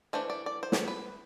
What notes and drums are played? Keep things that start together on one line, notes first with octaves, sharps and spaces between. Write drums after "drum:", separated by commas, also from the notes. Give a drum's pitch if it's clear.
E3 A3 D4 C5
D5
D5
C5
drum: snare
B4